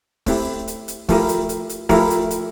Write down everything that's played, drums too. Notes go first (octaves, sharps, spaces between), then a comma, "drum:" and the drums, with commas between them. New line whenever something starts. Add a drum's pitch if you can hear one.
A3 C4 E4 G4, drum: kick, open hi-hat
drum: hi-hat
drum: hi-hat
F3 A3 E4 G4 A#4, drum: kick, open hi-hat
drum: hi-hat
drum: hi-hat
drum: hi-hat
F3 A3 E4 G4 A#4, drum: kick, open hi-hat
drum: hi-hat
drum: hi-hat